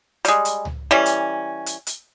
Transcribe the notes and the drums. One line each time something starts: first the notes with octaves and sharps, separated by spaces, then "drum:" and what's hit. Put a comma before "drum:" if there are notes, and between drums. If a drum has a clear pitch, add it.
G3 G#3, drum: hi-hat
drum: hi-hat
drum: tom C#2
E3 G3 C#4
drum: hi-hat
drum: hi-hat
drum: hi-hat